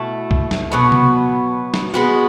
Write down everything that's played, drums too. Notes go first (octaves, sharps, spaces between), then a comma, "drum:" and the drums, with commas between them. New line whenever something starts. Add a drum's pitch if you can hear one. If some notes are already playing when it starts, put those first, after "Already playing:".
Already playing: B2 A3 E4
drum: kick B1
drum: snare
B2 F#3 B3
drum: tom C3
drum: snare
G#3 B3 F#4